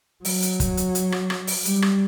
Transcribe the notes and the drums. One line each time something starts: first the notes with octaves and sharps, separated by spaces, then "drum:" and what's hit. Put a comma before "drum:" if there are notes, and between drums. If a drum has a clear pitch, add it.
F#3, drum: open hi-hat
drum: hi-hat
drum: kick, hi-hat
drum: hi-hat
drum: hi-hat
drum: rim click
drum: rim click
drum: open hi-hat
G3, drum: hi-hat
drum: rim click